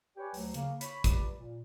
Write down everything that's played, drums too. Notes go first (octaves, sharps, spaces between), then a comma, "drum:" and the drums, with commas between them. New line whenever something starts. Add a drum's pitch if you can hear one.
G4 B4 C#5 D5 G5 G#5
D2 F#3, drum: open hi-hat
C#3 A#3, drum: hi-hat
C#5 B5, drum: hi-hat
C#2 C3 B4 D5, drum: kick, hi-hat
A#2